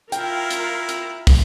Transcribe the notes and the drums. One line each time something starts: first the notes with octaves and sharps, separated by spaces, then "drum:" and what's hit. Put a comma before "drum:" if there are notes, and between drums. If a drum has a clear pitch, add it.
E4 F4 A#4 F5 G5, drum: hi-hat
drum: hi-hat
drum: hi-hat
drum: kick, open hi-hat